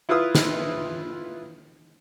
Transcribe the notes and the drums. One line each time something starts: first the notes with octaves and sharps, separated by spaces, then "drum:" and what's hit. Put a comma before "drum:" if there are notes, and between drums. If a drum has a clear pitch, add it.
E4 F4 B4 F5 D#6 E6
drum: snare